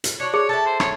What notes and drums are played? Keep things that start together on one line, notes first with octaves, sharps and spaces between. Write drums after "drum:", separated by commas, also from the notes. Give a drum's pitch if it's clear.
drum: hi-hat
D4 F#4 C#5
G#4 C#5
E4 A4 A5
C5
C#5, drum: rim click